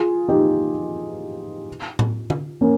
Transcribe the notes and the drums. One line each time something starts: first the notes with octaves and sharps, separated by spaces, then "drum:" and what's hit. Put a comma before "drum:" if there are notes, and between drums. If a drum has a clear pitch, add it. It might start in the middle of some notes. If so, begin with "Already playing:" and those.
Already playing: F4 G#4
D#4 G4
drum: tom A2
drum: tom
A#3 C#4